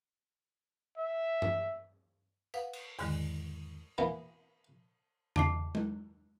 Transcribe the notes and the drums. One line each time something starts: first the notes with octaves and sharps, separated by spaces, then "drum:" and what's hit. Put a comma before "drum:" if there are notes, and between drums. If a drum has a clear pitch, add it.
E5
drum: tom G2
B4 F5 F#5, drum: tambourine
drum: cymbal
E2 G#2 D3 D#3 G#3, drum: open hi-hat
B2 E3 A#3 B3 F#4
A5 D6 C7, drum: tom E2
drum: tom G#3